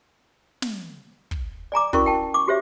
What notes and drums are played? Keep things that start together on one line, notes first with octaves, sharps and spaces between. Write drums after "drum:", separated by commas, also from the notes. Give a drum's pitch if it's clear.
drum: snare
drum: kick
D5 G#5 A#5 D6
C#4 E4 F#4 A#4 D5 C#6, drum: kick
G5 A5
C#6 D6
F#4 G4 C5 C#5 E5